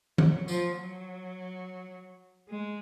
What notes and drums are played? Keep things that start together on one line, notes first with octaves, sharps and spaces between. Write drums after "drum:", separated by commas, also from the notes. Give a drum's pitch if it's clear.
F#3, drum: tom D#3
F3, drum: tambourine
F#3
G#3